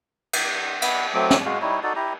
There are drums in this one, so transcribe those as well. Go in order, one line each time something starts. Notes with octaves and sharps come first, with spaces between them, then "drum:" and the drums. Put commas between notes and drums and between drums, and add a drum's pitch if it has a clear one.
drum: cymbal
B3, drum: cymbal
F#3 A3 C4 D6
drum: snare
G#3 F#4 F5
G3 D#4 E4 C#5
D#4 F#4 A4 D5
E4 G4 A#5